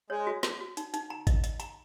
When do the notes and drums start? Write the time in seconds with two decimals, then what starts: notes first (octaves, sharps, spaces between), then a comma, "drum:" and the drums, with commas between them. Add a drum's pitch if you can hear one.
0.10 G#3 C#5
0.27 F#4
0.43 F#4, drum: snare
0.61 F#4
0.77 D#4, drum: hi-hat
0.94 D#4, drum: hi-hat
1.10 A#5
1.27 D#5, drum: kick, hi-hat
1.44 D#5, drum: hi-hat
1.60 A#5, drum: hi-hat